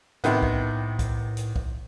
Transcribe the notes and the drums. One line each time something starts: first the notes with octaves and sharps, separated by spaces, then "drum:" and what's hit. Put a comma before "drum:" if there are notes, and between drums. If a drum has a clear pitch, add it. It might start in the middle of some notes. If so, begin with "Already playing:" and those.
A2 C3 D#3 B3, drum: hi-hat
drum: kick B1
drum: kick B1, hi-hat
drum: hi-hat
drum: kick B1